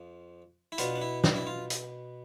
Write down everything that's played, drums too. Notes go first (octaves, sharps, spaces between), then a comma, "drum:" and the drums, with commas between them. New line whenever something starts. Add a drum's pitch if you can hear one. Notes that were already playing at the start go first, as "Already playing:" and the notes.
Already playing: F2 F3
E4
B2 B3 D4 F4, drum: hi-hat
D4
E4
D4, drum: snare
E4
F4
drum: hi-hat